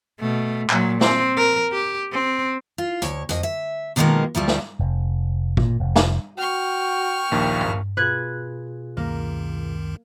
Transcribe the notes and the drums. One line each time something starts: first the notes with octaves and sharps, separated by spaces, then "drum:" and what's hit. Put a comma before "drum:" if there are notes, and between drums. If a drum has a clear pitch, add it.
B2 A3
A#2 F#3, drum: clap
C4, drum: snare
A#4
G4
C4
F4
D2 C#5, drum: hi-hat
F2 D#5, drum: hi-hat
E5
B2 D3 D#3 F3 G#3 A#3
D2 F3 G3 A3
drum: snare
F1
A#2, drum: kick G#1
F1
drum: snare
F#4 G5 C#6 F6
A#1 D#2 A#3
drum: tom
B2 F4 G#4 B4 F#6 G#6
C#2 F#2 D#3 A#3